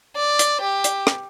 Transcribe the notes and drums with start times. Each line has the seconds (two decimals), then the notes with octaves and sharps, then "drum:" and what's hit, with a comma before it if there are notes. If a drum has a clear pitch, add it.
0.16 D5
0.39 drum: hi-hat
0.61 G4
0.84 drum: hi-hat
1.07 drum: rim click